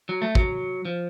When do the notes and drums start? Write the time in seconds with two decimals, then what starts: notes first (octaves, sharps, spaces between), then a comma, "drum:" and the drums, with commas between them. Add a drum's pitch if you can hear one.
0.09 F#3
0.22 A3
0.35 F#3, drum: kick
0.85 F3